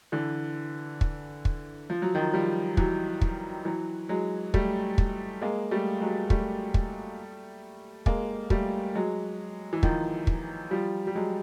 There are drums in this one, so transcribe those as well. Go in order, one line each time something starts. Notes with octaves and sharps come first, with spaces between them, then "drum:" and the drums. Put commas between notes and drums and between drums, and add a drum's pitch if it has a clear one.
D3 E3
drum: kick
drum: kick
F3
F#3
D#3 F3
F3 G3
E3 F#3, drum: kick
drum: kick
E3 F#3
F#3 G#3
G3 A3, drum: kick
drum: kick
G#3 A#3
G3 A3
F#3 G#3
G3 A3, drum: kick
drum: kick
G#3 A#3, drum: kick
G3 A3, drum: kick
F#3 G#3
E3
D#3 F3, drum: kick
drum: kick
F3 G3
G3
F#3 G#3